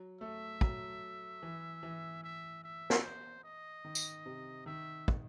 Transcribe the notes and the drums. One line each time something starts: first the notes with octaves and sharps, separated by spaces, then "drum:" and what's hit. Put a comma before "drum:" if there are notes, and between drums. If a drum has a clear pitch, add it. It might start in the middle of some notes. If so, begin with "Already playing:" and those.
Already playing: F#3
A3 E5
F#3, drum: kick
E3
E3
E5
E5
drum: snare
C5
D#5
D#3
drum: tambourine
C3
D#3 E5
drum: kick